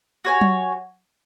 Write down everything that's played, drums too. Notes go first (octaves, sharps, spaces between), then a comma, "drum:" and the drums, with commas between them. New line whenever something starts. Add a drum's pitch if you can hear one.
F#4 C#5 G#5
drum: tom F#3